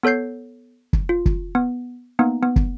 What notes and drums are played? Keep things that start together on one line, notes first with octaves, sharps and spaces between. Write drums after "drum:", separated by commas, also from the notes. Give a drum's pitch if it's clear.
B3 A4 C#5 G6 C7
drum: kick
F4
drum: kick
B3
A#3 B3 D#4
B3
drum: kick